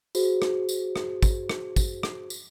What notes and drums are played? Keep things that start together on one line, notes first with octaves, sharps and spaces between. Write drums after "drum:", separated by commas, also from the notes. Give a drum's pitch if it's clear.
F#4 G#4 C5, drum: tambourine
drum: rim click
drum: tambourine
drum: rim click
drum: kick, tambourine
drum: rim click
drum: kick, tambourine
drum: rim click
drum: tambourine